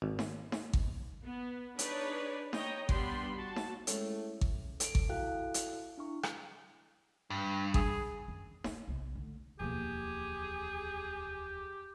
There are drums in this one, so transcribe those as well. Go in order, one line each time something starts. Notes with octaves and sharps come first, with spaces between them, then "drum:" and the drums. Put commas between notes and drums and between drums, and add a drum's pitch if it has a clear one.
G#1
drum: snare D#4
drum: snare D#4
drum: kick G#1
B3
D4 D#4 G#4 B4 C#5 D5, drum: hi-hat
C#5 D#5 G5 A#5, drum: snare D#4
G3 B3 D4 G5 B5 C6, drum: kick G#1
F#4 A5
drum: snare D#4
A2 G#3 C#4, drum: hi-hat
drum: kick G#1
A4 D7, drum: hi-hat
drum: kick G#1
E4 F#4 A4 F5 G5 F#6
drum: hi-hat
D4 E4 C#6
drum: rim click
G2
G#4, drum: kick G#1
F#2 D#3
C#4 E4, drum: snare D#4
B1 C3
D3 A3
D1 E2 B2 F3 A#3 G4 G#4